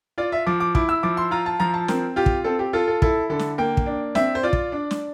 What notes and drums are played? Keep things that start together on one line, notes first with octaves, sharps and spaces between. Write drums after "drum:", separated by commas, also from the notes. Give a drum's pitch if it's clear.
F4 D5
E5
F3 D6
D6
E4 D6, drum: kick
E6
F3 D6
C6
F4 A#5
A5
F3 A#5
A5
C4 A#4, drum: snare
F4 G4
drum: kick
C4 A4
G4
F4 A4
A4
E4 A4, drum: kick
D3 A4
drum: snare
A#3 G5
drum: kick
D4
C4 E5, drum: snare
C5
F4 D5
drum: kick
D4
drum: snare